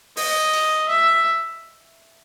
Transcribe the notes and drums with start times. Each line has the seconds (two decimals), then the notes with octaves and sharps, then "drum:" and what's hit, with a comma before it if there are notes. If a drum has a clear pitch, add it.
0.17 D#5, drum: open hi-hat
0.54 drum: cymbal
0.89 E5